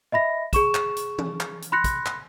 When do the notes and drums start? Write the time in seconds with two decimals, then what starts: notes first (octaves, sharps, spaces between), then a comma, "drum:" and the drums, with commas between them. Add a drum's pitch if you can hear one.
0.12 D#5 E5 B5 A#6
0.53 G#4 C#6 E7, drum: kick, hi-hat
0.75 drum: clap
0.97 drum: hi-hat
1.18 drum: tom E3
1.40 drum: clap
1.62 drum: hi-hat
1.72 B5 C6 F#6 A#6 C#7
1.84 drum: kick, hi-hat
2.06 drum: clap